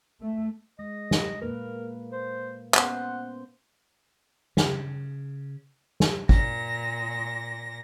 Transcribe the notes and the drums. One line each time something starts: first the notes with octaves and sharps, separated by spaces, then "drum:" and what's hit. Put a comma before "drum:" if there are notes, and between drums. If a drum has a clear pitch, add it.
A3
G#3 D#5
drum: snare
A#2 A#3 A#4 B4
C5
B3 C#4 C5 F#5, drum: clap
C#3, drum: snare
drum: snare
A#2 A#6, drum: kick G#1